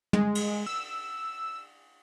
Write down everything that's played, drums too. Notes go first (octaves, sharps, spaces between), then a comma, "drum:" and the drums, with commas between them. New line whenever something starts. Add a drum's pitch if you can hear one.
G#3, drum: tom
drum: cymbal
E6